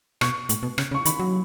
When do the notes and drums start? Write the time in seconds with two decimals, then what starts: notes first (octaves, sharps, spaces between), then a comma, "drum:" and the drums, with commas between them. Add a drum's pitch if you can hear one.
0.21 B2 C#6, drum: rim click
0.49 A2, drum: hi-hat
0.63 B2
0.78 C#3, drum: rim click
0.91 C#3
0.94 C#6
1.05 D#3 B5, drum: hi-hat
1.20 F#3